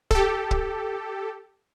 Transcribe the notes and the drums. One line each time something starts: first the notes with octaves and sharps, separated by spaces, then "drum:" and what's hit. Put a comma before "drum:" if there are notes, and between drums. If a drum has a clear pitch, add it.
G4 A4, drum: kick
drum: kick